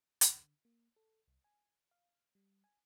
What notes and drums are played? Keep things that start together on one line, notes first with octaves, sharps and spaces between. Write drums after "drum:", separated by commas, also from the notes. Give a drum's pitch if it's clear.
D3, drum: hi-hat
A#3
A4
C2
G#5
F5
G3
G#5